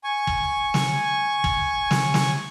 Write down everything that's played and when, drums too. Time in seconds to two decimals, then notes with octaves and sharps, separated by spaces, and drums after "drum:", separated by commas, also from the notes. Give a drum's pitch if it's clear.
0.04 G#5 C#6
0.27 drum: kick
0.74 drum: snare
1.44 drum: kick
1.91 drum: snare
2.14 drum: snare